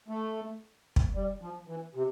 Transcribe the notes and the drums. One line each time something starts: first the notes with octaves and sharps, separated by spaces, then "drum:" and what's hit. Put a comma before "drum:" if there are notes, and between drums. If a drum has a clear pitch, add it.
A3
drum: kick
G3
F3
E3
C3